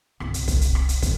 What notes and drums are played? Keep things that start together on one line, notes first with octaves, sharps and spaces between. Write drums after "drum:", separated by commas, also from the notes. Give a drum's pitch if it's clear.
G1 C2, drum: rim click
drum: hi-hat
drum: kick, hi-hat
drum: hi-hat
drum: rim click
drum: hi-hat
drum: kick, hi-hat